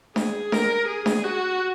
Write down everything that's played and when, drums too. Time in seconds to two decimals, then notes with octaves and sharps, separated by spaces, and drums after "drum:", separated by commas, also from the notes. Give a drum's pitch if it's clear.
0.16 G#4, drum: snare D4
0.52 A#4, drum: snare D4
0.87 G#4
1.06 drum: snare D4
1.24 F#4